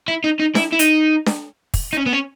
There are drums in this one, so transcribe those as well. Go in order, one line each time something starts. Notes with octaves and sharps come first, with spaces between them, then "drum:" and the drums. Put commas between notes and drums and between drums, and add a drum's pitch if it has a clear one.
E4
D#4
D#4
E4, drum: snare D4
E4
D#4, drum: hi-hat
drum: snare D4
drum: kick, open hi-hat
D#4
C#4
B3
C#4